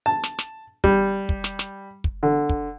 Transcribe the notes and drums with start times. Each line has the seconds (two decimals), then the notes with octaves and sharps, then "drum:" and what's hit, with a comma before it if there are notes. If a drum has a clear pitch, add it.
0.06 A5
0.23 drum: snare
0.39 drum: snare
0.84 G3, drum: kick
1.29 drum: kick
1.44 drum: snare
1.59 drum: snare
2.04 drum: kick
2.23 D3
2.49 drum: kick